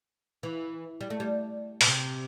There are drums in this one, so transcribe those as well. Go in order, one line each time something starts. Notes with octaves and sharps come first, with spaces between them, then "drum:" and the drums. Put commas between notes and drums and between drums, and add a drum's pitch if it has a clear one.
E3
G3
A3
G3
B2, drum: open hi-hat
C3